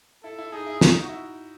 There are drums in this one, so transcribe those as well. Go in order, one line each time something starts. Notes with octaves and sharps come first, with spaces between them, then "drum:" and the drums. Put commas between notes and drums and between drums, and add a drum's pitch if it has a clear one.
E4 A4
E4
D#4 G#4
E4
D#4, drum: snare
F#4
E4